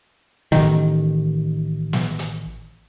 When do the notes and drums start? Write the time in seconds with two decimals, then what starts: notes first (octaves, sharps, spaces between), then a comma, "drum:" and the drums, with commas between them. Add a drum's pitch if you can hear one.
0.52 A1 D#3, drum: snare
1.93 drum: snare
2.19 drum: hi-hat